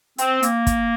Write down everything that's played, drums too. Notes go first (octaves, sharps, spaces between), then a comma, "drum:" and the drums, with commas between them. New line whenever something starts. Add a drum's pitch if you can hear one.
C4, drum: hi-hat
A#3, drum: hi-hat
drum: kick, hi-hat